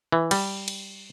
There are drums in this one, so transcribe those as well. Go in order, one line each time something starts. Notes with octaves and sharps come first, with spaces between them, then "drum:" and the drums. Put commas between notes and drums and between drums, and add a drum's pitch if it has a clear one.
E3
G3, drum: cymbal
drum: cymbal